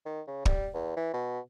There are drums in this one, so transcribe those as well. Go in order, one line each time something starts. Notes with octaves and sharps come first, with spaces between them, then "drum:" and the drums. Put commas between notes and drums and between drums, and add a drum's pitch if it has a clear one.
D#3
C#3
G3, drum: kick
E2
E3
B2